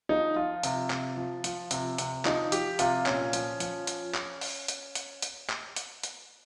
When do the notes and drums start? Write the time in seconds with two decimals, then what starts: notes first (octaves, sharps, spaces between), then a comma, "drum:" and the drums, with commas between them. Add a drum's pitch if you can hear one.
0.09 F3 D#4
0.36 F3 F4
0.63 C3, drum: hi-hat
0.90 C3, drum: clap
1.17 F3
1.44 F3, drum: hi-hat
1.71 C3, drum: hi-hat
1.98 C3, drum: hi-hat
2.25 F3 D#4, drum: clap
2.52 F3 G4, drum: hi-hat
2.79 C3 F4, drum: hi-hat
3.06 A#2 C#4, drum: clap
3.33 F3, drum: hi-hat
3.60 F3, drum: hi-hat
3.87 drum: hi-hat
4.14 drum: clap
4.41 drum: open hi-hat
4.68 drum: hi-hat
4.95 drum: hi-hat
5.22 drum: hi-hat
5.49 drum: clap
5.76 drum: hi-hat
6.03 drum: hi-hat